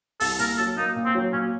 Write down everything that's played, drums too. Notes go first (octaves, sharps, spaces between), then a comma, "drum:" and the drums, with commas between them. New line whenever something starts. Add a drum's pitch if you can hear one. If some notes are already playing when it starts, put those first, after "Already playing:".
C2 A4, drum: open hi-hat
A#2 A#4, drum: hi-hat
F#3 A4
A#3 D#4
A#2
C4
F#3
A#2 C#4